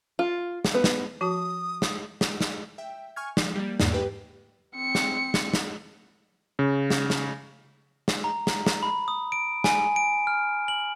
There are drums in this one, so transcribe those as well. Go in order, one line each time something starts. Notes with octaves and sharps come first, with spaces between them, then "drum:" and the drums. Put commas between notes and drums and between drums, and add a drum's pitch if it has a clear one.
F4
drum: snare
B3
drum: snare
F3 F#4 A5 D#6
drum: snare
drum: snare
drum: snare
E5 G5
G#5 C#6 F6 G#6
F3, drum: snare
G3 A#3
E2 G#2 C#3 A#3, drum: snare
G4 B4 G5
C4 C#7
drum: snare
drum: snare
drum: snare
C#3
drum: snare
drum: snare
drum: snare
A#5
drum: snare
drum: snare
B5
D#6
D7
G#5, drum: snare
D7
F6
F#7